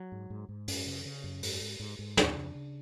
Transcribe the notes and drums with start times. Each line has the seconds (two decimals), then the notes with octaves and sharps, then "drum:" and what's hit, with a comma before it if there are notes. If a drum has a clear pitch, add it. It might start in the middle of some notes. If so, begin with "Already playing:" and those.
Already playing: F#3
0.12 G#2
0.30 G#2
0.49 G#2
0.68 F#2 C#4, drum: open hi-hat
0.86 C#3
1.05 C#3
1.24 F#2
1.43 G#2, drum: open hi-hat
1.61 G#2
1.80 G#2
1.99 G#2
2.17 F2 D4, drum: snare
2.36 C#3
2.55 C#3